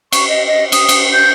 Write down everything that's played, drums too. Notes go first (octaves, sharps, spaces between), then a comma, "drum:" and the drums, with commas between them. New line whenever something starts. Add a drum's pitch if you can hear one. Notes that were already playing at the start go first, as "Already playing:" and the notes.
C#6, drum: cymbal
D#5
D#5
D#6, drum: cymbal
drum: cymbal
G6